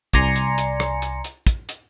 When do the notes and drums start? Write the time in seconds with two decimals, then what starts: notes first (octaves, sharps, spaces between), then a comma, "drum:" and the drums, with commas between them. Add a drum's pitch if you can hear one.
0.13 C2 D5 G#5 A#5 C6 C#7, drum: kick, hi-hat
0.36 drum: hi-hat
0.58 drum: hi-hat
0.80 drum: rim click
1.02 drum: hi-hat
1.24 drum: hi-hat
1.47 drum: kick, hi-hat
1.69 drum: hi-hat